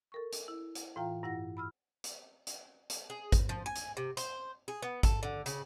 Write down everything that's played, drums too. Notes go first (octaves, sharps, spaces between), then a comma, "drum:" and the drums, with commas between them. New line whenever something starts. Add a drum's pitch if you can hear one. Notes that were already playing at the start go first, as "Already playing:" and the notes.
A4 A#4 C#6
drum: hi-hat
E4
drum: hi-hat
A2 E3 F4 F5 G5 A#5
G2 E4 F#5 A#6
B5 E6 F6
drum: hi-hat
drum: hi-hat
drum: hi-hat
G#4
drum: kick G#1, hi-hat
F3
G#5
drum: hi-hat
C3
C5, drum: hi-hat
G#4
B3
A4, drum: kick G#1, hi-hat
D3
C#3, drum: hi-hat